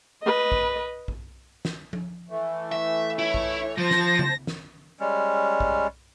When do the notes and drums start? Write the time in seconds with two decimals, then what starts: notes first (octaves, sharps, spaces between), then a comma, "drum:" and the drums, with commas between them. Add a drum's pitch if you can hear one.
0.23 B4 D#5
0.52 drum: kick
1.08 drum: kick
1.65 drum: snare
1.93 drum: tom F3
2.30 E3 A3
2.72 E5
3.19 E4 C#5
3.34 drum: kick
3.78 F3 C5 A5 A#6
3.91 drum: snare
4.19 drum: tom C#3
4.47 drum: snare
5.00 G3 G#3 C#4
5.60 drum: kick